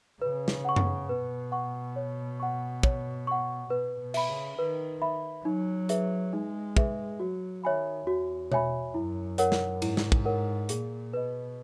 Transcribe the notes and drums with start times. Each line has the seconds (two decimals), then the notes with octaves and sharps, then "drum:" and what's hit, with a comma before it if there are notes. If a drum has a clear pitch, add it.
0.22 C#3 B4
0.48 drum: snare
0.65 F#5 C#6
0.76 drum: tom F#2
1.09 B2 B4
1.52 F#5 C#6
1.96 C#5
2.40 F#5 C#6
2.83 C#5, drum: kick
3.27 F#5 C#6
3.70 B2 B4
4.00 B2
4.14 E5 B5, drum: cymbal
4.29 C#3
4.58 D#3 B4
5.02 E5 B5
5.45 F#3 D#4
5.89 G#4 B4 E5, drum: hi-hat
6.33 G#3 D#4
6.77 G#4 B4 E5, drum: kick
7.20 F#3 F#4
7.64 D#3 C#5 E5 G#5 B5
8.07 E2 F#4
8.52 C#5 E5 G#5 B5, drum: tom B2
8.94 F#2 E4
9.38 A#4 C#5 F#5, drum: hi-hat
9.52 drum: snare
9.82 G#2 E4, drum: cymbal
9.97 drum: snare
10.12 drum: kick
10.25 A#4 C#5 F#5
10.69 A#2 G#4, drum: hi-hat
11.13 B2 B4 D#5